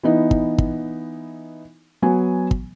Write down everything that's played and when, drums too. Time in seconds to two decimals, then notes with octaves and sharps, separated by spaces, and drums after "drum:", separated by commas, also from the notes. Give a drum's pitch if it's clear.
0.03 E3 B3 D#4
0.31 drum: kick
0.58 drum: kick
2.02 F#3 B3 G#5
2.51 drum: kick